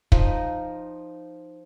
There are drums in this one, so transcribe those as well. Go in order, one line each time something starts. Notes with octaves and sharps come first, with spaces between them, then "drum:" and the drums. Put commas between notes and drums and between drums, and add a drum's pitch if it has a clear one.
F3 D#4, drum: kick